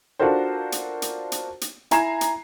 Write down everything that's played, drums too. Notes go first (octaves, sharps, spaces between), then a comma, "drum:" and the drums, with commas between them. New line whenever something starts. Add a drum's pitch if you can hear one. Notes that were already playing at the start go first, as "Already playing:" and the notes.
D4 F4 F#4 A4 A#4 C5
drum: hi-hat
drum: hi-hat
drum: hi-hat
drum: hi-hat
E4 G#5 A#5 G#6 C7 E7, drum: hi-hat
drum: hi-hat